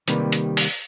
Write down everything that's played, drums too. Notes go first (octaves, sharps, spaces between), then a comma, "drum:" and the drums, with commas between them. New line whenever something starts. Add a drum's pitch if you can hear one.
C3 D#3 G3 A#3 B4, drum: hi-hat
drum: hi-hat
drum: open hi-hat